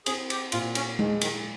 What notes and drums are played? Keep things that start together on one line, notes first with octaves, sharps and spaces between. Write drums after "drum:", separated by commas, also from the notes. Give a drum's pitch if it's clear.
C4 G#4, drum: cymbal
G4, drum: cymbal
A#2 F4, drum: cymbal
C#4, drum: cymbal
D#3 G#3, drum: tom G#3
D#3, drum: cymbal